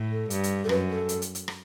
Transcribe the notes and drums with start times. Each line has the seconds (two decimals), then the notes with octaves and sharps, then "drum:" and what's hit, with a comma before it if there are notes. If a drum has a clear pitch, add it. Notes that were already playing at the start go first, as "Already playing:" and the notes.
Already playing: A2
0.11 A4
0.30 G2, drum: hi-hat
0.44 drum: hi-hat
0.64 A4
0.69 F#2 B4, drum: rim click
0.89 A4
1.09 drum: hi-hat
1.22 drum: hi-hat
1.35 drum: hi-hat
1.48 drum: rim click